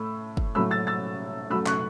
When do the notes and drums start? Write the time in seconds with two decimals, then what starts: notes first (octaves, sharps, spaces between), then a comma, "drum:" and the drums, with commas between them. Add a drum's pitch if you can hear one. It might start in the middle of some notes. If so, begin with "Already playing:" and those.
Already playing: A2 A3 B5 E6
0.37 drum: kick
0.55 A2 F#3 A3 B5 E6
0.71 E6 A6
0.87 E6 A6
1.50 F#2 F#3 A3 B5 E6
1.66 C#6 F#6, drum: clap